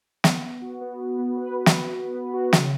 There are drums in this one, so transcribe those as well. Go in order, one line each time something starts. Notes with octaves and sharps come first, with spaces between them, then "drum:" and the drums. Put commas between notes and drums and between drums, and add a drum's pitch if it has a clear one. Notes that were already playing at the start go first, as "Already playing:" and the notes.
B3, drum: snare
B3
F#4
B3
B3
B3
B4
B4
drum: snare
B3
B3
B3
F#4
C#3, drum: snare